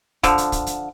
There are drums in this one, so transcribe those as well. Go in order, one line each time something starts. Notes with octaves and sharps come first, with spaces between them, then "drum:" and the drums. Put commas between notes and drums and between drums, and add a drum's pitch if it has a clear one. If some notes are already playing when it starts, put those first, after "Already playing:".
D3 F3, drum: kick, hi-hat
drum: hi-hat
drum: kick, hi-hat
drum: hi-hat